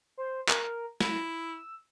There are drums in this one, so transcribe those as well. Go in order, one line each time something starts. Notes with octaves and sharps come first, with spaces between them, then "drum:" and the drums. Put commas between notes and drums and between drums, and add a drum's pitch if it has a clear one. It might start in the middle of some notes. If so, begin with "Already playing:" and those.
C5
A#4, drum: clap
E4 E6, drum: snare